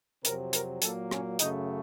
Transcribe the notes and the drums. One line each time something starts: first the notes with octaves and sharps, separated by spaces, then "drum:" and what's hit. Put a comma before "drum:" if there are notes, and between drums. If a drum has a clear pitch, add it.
F2 C3 F#3 C4 A#4, drum: hi-hat
A#4, drum: hi-hat
A#2 F#3 A#3 A4, drum: hi-hat
C#4, drum: rim click
F#2 C#3 A3 D#4, drum: hi-hat